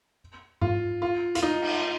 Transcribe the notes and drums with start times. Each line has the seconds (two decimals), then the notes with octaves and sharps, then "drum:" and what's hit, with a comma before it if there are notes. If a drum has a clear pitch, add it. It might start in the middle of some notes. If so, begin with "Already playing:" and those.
0.61 F4, drum: tom G#2
1.02 F4
1.35 F4, drum: hi-hat
1.43 D#4
1.62 drum: cymbal